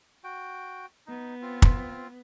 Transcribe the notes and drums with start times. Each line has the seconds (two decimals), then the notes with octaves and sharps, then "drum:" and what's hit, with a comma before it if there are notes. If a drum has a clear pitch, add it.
0.24 F#4 G5
1.07 B3 D#4
1.42 C4 F4
1.62 drum: kick